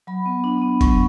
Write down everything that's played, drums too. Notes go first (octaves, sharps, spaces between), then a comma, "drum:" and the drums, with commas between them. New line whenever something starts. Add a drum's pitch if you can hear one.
F#3 B5
B3
D4
B3
F#3 C#6, drum: kick F1, hi-hat